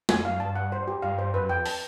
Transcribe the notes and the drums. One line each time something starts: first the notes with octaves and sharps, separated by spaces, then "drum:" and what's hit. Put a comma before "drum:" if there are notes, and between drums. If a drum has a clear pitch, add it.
F2 G#5, drum: snare
F#2 F5
G2 A5
F#5
C5
G4
G2 F5
C5
F#2 B4
F2 G5
A5, drum: open hi-hat